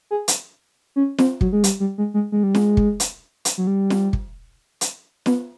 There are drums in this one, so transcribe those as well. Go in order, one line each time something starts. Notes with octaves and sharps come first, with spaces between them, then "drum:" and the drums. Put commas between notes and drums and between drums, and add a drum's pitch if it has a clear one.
G#4
drum: hi-hat
C#4
C4, drum: snare
F#3, drum: kick
G#3
G3, drum: hi-hat
G3
G#3
G#3
G#3
G3
G#3, drum: snare
drum: kick
drum: hi-hat
drum: hi-hat
F#3
G3
drum: snare
drum: kick
drum: hi-hat
B3, drum: snare